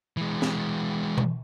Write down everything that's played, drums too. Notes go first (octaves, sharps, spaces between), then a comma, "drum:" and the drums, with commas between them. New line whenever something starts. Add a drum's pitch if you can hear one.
E3 G#3
drum: snare
drum: tom B2